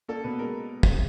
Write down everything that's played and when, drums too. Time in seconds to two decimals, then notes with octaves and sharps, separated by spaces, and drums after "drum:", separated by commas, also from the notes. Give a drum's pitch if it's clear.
0.08 A#3 A4
0.24 B2 B4
0.39 G#3 A#4
0.83 drum: kick